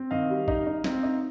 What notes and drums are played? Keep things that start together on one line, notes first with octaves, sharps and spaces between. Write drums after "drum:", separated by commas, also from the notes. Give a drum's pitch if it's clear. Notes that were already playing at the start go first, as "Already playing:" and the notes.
Already playing: C4
D#3 D#5 F5
G3
D#4, drum: kick A1
D#4
C4, drum: snare
D#4